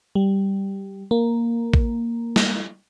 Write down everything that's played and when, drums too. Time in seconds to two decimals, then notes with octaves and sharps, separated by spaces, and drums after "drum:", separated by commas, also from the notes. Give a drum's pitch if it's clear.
0.15 G3
1.11 A#3
1.74 drum: kick A1
2.36 drum: snare